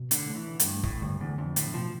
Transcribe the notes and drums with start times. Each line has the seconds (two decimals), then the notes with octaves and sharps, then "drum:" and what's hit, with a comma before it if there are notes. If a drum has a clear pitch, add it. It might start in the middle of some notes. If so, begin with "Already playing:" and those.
Already playing: B2
0.11 D3 A3, drum: hi-hat
0.29 A3
0.35 E3
0.47 D4
0.60 G2, drum: hi-hat
0.65 D4
0.83 A2 A3, drum: kick
1.02 G2 D3
1.20 E2 D3
1.38 F2 D4
1.56 A2 B3, drum: hi-hat
1.74 B2 F3